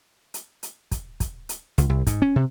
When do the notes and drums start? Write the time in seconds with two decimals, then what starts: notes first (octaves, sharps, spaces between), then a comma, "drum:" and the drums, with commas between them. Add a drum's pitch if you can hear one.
0.34 drum: hi-hat
0.63 drum: hi-hat
0.91 drum: kick, hi-hat
1.20 drum: kick, hi-hat
1.49 drum: hi-hat
1.78 C#2, drum: hi-hat
1.89 C2
2.07 G#2, drum: kick, hi-hat
2.22 C#4
2.36 C3